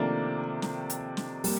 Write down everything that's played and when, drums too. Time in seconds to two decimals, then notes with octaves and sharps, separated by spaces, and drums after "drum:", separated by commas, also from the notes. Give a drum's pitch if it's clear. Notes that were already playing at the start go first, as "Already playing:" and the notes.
Already playing: C3 D#3 F3 A3 A#3 D4
0.62 drum: snare
0.90 drum: hi-hat
1.17 drum: snare
1.44 G3 A#3, drum: open hi-hat